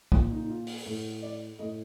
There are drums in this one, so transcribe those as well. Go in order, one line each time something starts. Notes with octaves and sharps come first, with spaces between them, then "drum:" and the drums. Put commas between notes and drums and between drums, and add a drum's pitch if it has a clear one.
A#2 F4, drum: kick
D#4
D#4
F4
drum: open hi-hat
A2
D5
A2 D#5